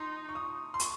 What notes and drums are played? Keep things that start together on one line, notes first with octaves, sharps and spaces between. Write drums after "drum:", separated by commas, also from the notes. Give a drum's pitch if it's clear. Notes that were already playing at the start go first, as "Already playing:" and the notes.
Already playing: D#4 A#5 C6
C#6
D#6
C6
C#6, drum: hi-hat